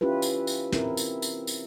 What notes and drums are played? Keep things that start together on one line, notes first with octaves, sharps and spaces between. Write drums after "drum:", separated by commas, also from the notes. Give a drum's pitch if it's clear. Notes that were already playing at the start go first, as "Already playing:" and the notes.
C#4 E4 F4 G4 B4
drum: tambourine
drum: tambourine
C4 E4 A#4, drum: snare
drum: tambourine
drum: tambourine
drum: tambourine